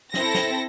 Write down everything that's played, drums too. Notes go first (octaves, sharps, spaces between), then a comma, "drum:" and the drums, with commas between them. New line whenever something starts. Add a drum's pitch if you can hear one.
C4 E4 A4 A#6, drum: snare
drum: snare